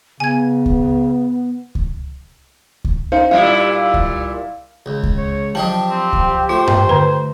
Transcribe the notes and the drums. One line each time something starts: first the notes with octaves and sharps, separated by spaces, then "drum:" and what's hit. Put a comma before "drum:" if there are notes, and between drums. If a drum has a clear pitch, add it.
C#3 B3 G#5 G#6
drum: kick C#2
drum: kick C#2
drum: kick C#2
D#4 C5 F5
A#2 G3 E4 F5
drum: kick C#2
C#2
drum: kick C#2
C#5
F3 F#3 D4 G4 G5 A5
C4
drum: kick C#2
A3 F4 C5
drum: tom G2
D3 B4